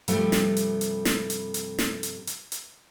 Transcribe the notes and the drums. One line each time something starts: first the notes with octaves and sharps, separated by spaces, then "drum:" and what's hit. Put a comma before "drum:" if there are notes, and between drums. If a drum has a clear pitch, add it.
G2 C3 F3 G3 A3, drum: hi-hat
drum: snare
drum: hi-hat
drum: hi-hat
drum: snare
drum: hi-hat
drum: hi-hat
drum: snare
drum: hi-hat
drum: hi-hat
drum: hi-hat